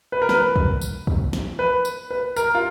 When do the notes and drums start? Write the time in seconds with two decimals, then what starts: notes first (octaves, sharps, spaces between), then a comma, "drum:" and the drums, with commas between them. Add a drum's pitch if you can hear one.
0.12 B4
0.22 A#4
0.29 B4, drum: snare
0.56 drum: kick
0.81 drum: tambourine
1.07 drum: kick
1.33 drum: snare
1.59 B4
1.85 drum: tambourine
2.11 B4
2.36 A#4, drum: tambourine
2.55 F4